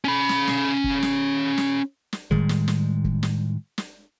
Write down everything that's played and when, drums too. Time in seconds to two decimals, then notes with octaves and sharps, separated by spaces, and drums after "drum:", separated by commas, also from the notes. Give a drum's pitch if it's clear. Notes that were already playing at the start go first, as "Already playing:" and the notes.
0.05 C#4 B5
0.29 drum: snare
0.47 drum: snare
0.84 drum: kick
1.02 drum: snare
1.58 drum: snare
2.13 drum: snare
2.31 A2 D#3 G3 G#3, drum: kick
2.49 drum: snare
2.68 drum: snare
3.04 drum: kick
3.23 drum: snare
3.78 drum: snare